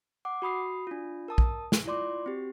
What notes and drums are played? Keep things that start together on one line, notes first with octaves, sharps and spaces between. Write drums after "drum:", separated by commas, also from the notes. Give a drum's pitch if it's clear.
F#5 D6
F#4 B5 D#6 C7
D4 F4
A#4 A5 D#6
drum: kick A#1
drum: snare
E4 F4 D5 C6 D6
C4 F#4 G4